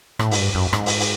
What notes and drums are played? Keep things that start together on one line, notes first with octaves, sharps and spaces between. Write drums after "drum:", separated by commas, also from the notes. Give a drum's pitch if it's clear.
A2, drum: rim click
G#2, drum: open hi-hat
G2
F#2
G#2, drum: rim click
drum: open hi-hat
drum: open hi-hat